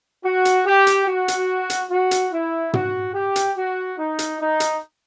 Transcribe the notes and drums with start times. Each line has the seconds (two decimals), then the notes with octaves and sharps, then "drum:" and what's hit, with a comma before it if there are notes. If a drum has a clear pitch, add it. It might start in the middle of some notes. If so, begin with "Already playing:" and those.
0.24 F#4
0.45 drum: hi-hat
0.66 G4
0.87 drum: hi-hat
1.07 F#4
1.28 drum: hi-hat
1.70 drum: hi-hat
1.90 F#4
2.11 drum: hi-hat
2.32 E4
2.73 F#4, drum: tom
3.14 G4
3.36 drum: hi-hat
3.57 F#4
3.98 D#4
4.19 drum: hi-hat
4.40 D#4
4.60 drum: hi-hat